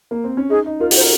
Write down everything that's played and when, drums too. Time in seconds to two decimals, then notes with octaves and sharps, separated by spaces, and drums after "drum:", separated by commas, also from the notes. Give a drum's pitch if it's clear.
0.11 A#3
0.24 C4
0.37 C#4
0.50 D#4 G#4
0.66 D#4
0.80 F4 A#4
0.91 F#4, drum: open hi-hat
0.96 C5
1.01 A#4